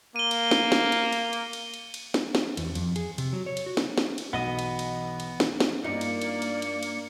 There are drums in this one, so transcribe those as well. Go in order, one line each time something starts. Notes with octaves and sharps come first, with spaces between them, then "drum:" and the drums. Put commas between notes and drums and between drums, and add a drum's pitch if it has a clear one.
A#3 D#7 G7
drum: cymbal
drum: snare
drum: snare
drum: cymbal
drum: cymbal
drum: cymbal
drum: cymbal
drum: cymbal
drum: cymbal
drum: snare
drum: snare
E2, drum: cymbal
F2, drum: cymbal
G#4, drum: cymbal
C3, drum: cymbal
F#3
C#5
drum: cymbal
F#4
drum: snare
drum: snare
drum: cymbal
B1 E3 B3 D#5 F#5 D#6
drum: cymbal
drum: cymbal
drum: cymbal
drum: snare
drum: snare
G2 A#3 D#4 F4 D5 C#7
drum: cymbal
drum: cymbal
drum: cymbal
drum: cymbal
drum: cymbal